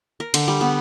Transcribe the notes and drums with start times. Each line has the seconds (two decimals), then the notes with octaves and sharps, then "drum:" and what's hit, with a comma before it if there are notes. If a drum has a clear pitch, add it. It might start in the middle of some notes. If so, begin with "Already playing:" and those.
0.20 A#4
0.34 D3, drum: cymbal
0.48 G3
0.61 B3